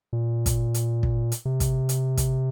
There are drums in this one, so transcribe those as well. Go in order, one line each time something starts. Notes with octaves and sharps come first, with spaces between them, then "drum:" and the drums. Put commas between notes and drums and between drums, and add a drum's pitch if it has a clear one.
A#2
drum: kick, hi-hat
drum: hi-hat
drum: kick
drum: hi-hat
C3
drum: kick, hi-hat
drum: hi-hat
drum: kick, hi-hat